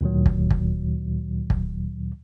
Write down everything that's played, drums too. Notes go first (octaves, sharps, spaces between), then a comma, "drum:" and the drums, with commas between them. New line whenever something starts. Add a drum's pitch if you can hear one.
D2 A#2 D#3 F#3
drum: kick
drum: kick
drum: kick